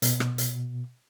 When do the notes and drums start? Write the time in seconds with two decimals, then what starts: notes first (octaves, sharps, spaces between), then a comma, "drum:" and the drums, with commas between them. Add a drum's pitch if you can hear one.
0.02 B2, drum: hi-hat
0.20 drum: rim click
0.38 drum: hi-hat